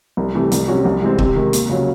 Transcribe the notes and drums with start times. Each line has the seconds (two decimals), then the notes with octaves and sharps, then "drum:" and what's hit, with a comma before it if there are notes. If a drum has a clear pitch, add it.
0.17 C2
0.34 C3 E3 A3
0.52 C2, drum: hi-hat
0.68 C3 F#3 C#4 F#4
0.85 C2
1.02 C3 E3 G#3 C4
1.19 C3, drum: kick
1.36 D#3 G#3
1.53 D#2, drum: hi-hat
1.69 C#3 F#3 C#4